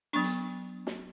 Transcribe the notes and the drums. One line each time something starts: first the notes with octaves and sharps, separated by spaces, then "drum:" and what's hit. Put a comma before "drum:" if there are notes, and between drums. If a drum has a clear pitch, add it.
F#3 B3 D4 C#6
drum: hi-hat
drum: snare